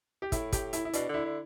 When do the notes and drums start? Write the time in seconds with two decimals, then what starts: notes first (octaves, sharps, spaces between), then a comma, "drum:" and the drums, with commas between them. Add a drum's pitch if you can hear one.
0.22 G4
0.32 A2 E4, drum: kick, hi-hat
0.52 G4, drum: kick, hi-hat
0.73 E4, drum: hi-hat
0.85 E4
0.93 B2 D4, drum: hi-hat
1.09 D3 E4
1.25 D3